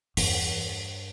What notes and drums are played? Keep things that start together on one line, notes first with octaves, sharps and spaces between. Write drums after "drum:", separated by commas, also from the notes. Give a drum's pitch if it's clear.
E2 G2, drum: open hi-hat